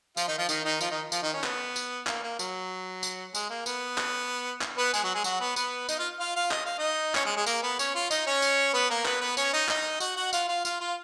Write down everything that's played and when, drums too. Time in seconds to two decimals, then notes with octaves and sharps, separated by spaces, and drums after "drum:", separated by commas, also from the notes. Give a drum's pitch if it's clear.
0.17 F3 F4, drum: tambourine
0.28 D#3 D#4
0.38 F3 F4
0.49 D#3 D#4, drum: tambourine
0.64 D#3 D#4
0.81 F3 F4, drum: tambourine
0.91 D#3 D#4
1.12 F3 F4, drum: tambourine
1.23 D#3 D#4
1.34 C#4
1.44 B3, drum: clap
1.76 drum: tambourine
2.07 A#3, drum: clap
2.23 A#3
2.39 F#3, drum: tambourine
3.03 drum: tambourine
3.35 G#3, drum: tambourine
3.50 A#3
3.66 B3, drum: tambourine
3.98 drum: clap
4.61 drum: clap
4.77 B3 B4
4.94 G#3 G#4, drum: tambourine
5.04 F#3 F#4
5.15 G#3 G#4
5.24 F#3 F#4, drum: tambourine
5.40 B3 B4
5.56 B3 B4, drum: tambourine
5.89 D#4 D#5, drum: tambourine
5.98 F4 F5
6.20 F4 F5
6.36 F4 F5
6.51 D#5, drum: clap
6.66 F5
6.79 D#4 D#5
7.15 C#4 C#5, drum: clap
7.25 G#3 G#4
7.37 G#3 G#4
7.47 A#3 A#4, drum: tambourine
7.63 B3 B4
7.79 C#4 C#5, drum: tambourine
7.95 F4 F5
8.11 D#4 D#5, drum: tambourine
8.26 C#4 C#5
8.42 drum: tambourine
8.74 B3 B4
8.90 A#3 A#4
9.05 B3 B4, drum: clap
9.21 B3 B4
9.37 C#4 C#5, drum: tambourine
9.54 D#4 D#5
9.69 D#4 D#5, drum: clap
10.00 F#4 F#5, drum: tambourine
10.16 F#4 F#5
10.33 F4 F5, drum: tambourine
10.48 F4 F5
10.65 F4 F5, drum: tambourine
10.80 F4 F5